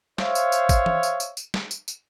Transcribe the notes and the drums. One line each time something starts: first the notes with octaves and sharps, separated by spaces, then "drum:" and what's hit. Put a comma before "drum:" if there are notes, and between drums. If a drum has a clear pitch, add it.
C5 C#5 E5 F5, drum: snare
drum: tambourine
drum: tambourine
drum: kick G#1, tambourine
drum: tom E3
drum: tambourine
drum: tambourine
drum: tambourine
drum: snare
drum: tambourine
drum: tambourine